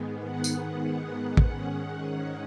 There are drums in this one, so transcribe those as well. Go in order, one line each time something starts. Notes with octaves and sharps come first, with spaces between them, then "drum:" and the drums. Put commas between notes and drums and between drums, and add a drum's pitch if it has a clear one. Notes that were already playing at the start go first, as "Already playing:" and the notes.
Already playing: G#2 D#3 G#3 B3
F#5
drum: tambourine
drum: kick
G#2 D#3 G#3 C#4